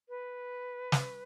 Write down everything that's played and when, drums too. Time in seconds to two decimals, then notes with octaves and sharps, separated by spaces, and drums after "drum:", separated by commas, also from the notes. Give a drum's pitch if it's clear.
0.09 B4
0.92 drum: snare